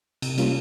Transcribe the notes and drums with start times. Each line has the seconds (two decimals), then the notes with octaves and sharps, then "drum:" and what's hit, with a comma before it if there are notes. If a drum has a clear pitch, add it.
0.22 C3, drum: cymbal
0.38 G3 A#3 C#4 F4, drum: cymbal